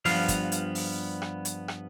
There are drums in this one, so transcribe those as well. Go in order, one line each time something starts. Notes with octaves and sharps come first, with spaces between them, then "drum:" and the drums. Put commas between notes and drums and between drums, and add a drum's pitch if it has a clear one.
G2 F3 B3 F5, drum: open hi-hat
drum: kick, hi-hat
drum: hi-hat
drum: open hi-hat
drum: rim click
drum: hi-hat
drum: rim click